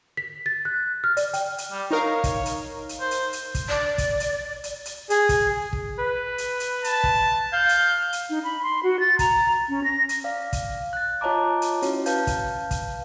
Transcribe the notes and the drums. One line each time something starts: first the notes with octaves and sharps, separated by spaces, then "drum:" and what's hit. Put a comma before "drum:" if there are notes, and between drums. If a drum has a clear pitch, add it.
B6
A6
F#6
F6
D5, drum: hi-hat
G5, drum: hi-hat
drum: hi-hat
G3
D#4 A#4 C#5 F5
drum: kick, hi-hat
drum: hi-hat
drum: hi-hat
C5
drum: hi-hat
drum: hi-hat
drum: kick, hi-hat
D5
drum: kick, hi-hat
drum: hi-hat
drum: hi-hat
drum: hi-hat
G#4, drum: hi-hat
drum: kick, hi-hat
drum: kick
B4
drum: hi-hat
drum: hi-hat
A5, drum: hi-hat
drum: kick
F5 G6
drum: hi-hat
drum: hi-hat
D#4
B5
C6
F#4
A6
A#5, drum: kick, hi-hat
C#4
A#6
drum: hi-hat
D5 F5
drum: kick, hi-hat
F#6 A6
F4 C#5 D#5 A5 A#5 D6
drum: hi-hat
C#4 E4 F#4 C#5, drum: hi-hat
B4 F5 A5 G6, drum: hi-hat
drum: kick, hi-hat
drum: kick, hi-hat